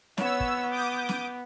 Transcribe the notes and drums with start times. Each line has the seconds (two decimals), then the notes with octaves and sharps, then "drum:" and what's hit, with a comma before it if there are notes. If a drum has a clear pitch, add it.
0.18 B3 C#5 E6, drum: snare
0.40 drum: kick
0.70 D6 D#6 G6
1.09 drum: snare